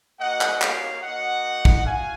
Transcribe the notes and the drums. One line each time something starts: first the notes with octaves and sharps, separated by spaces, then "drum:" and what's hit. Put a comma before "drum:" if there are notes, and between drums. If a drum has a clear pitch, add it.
A#3 D#4 F#4 D#5 F#5
drum: clap
C#5 F5, drum: clap
A#3 D#4 F#4 D#5 F#5
drum: kick
F#4 F5 G#5